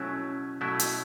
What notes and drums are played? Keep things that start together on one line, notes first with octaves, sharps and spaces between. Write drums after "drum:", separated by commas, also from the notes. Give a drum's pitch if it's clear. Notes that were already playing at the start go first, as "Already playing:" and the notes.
Already playing: B2 F#3 A3 C#4 E4
B2 F#3 A3 E4
drum: hi-hat